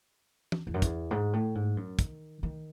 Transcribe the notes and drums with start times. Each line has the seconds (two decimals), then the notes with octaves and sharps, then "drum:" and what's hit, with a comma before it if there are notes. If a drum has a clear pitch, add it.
0.52 drum: tom
0.67 E2
0.74 F#2
0.82 E2, drum: kick, hi-hat
1.11 G#2
1.33 A2
1.55 G#2
1.77 F#2
1.99 D#3, drum: kick, hi-hat
2.43 D#3